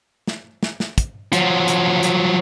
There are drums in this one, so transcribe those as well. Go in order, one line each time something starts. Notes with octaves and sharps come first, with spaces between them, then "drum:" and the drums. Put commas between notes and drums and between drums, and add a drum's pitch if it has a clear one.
drum: snare
drum: snare
drum: snare
drum: kick, hi-hat
F3 F#3, drum: hi-hat
drum: hi-hat
drum: hi-hat